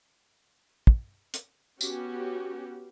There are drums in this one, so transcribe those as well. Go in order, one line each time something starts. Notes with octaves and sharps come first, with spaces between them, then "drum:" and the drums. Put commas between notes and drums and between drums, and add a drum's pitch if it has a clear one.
drum: kick
drum: hi-hat
B3 C#4 F#4 G4, drum: tambourine